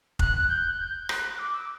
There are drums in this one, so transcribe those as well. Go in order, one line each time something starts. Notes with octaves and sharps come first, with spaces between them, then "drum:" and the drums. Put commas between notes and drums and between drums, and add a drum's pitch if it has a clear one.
F#6, drum: kick F1
G6
F#6
G6
F#6, drum: rim click
D6
E6
D6